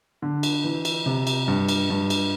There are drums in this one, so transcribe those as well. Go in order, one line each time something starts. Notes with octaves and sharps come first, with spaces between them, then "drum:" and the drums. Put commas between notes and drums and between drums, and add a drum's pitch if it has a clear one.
D3
drum: cymbal
E3
drum: cymbal
C3
drum: cymbal
G2
drum: cymbal
G2
drum: cymbal